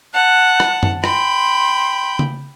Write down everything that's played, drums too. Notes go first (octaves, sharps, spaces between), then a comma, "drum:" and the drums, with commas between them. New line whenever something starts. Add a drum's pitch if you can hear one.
F#5 A5 F#6
drum: rim click
drum: tom F#2
G5 B5 C6, drum: rim click
drum: tom C#3